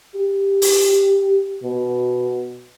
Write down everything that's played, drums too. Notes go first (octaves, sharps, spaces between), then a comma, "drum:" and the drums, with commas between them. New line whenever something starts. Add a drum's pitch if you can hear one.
G4
drum: open hi-hat
B2